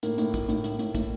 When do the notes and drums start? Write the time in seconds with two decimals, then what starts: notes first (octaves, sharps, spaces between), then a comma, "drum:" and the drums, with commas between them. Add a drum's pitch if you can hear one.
0.03 A2 A#3, drum: hi-hat
0.18 A2, drum: hi-hat
0.34 A2, drum: kick, hi-hat
0.49 A2, drum: hi-hat
0.64 A2, drum: hi-hat
0.79 A2, drum: hi-hat
0.95 A2, drum: kick, hi-hat